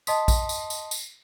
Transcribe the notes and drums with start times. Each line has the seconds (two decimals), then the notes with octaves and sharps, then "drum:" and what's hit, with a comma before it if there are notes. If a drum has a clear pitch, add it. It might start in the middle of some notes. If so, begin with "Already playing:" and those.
0.07 D#5 A5 C6 D#6 B6, drum: tambourine
0.28 drum: kick A#1, tambourine
0.49 drum: tambourine
0.70 drum: tambourine
0.91 drum: tambourine